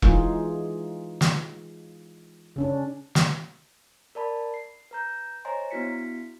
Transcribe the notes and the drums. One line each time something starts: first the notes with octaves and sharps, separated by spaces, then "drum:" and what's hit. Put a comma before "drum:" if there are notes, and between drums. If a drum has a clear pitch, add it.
E3 G#3 D#4 F4 G#4, drum: kick E1
drum: snare
C#3 C#4 D4
drum: snare
A#4 D5 A5 B5
C7
B4 A#5 G6
C5 C#5 D#5 G#5 A#5 C6
B3 D4 E4 F#4 B6 C#7